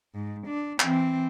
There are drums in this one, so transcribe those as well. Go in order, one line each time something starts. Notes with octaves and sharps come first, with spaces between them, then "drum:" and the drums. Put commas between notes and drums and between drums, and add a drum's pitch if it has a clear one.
G#2
D4
E3 C4, drum: clap